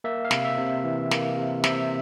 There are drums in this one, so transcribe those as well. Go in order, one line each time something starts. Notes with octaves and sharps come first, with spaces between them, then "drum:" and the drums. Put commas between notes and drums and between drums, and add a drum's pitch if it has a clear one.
A#3 E5
F5
C3, drum: snare
E5
C3
E3
A#3, drum: snare
C3
C3 E5, drum: snare